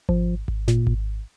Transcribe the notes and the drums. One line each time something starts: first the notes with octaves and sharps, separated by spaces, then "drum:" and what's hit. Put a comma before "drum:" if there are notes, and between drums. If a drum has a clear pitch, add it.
F3, drum: kick G#1
drum: kick G#1
A#2, drum: snare
drum: kick G#1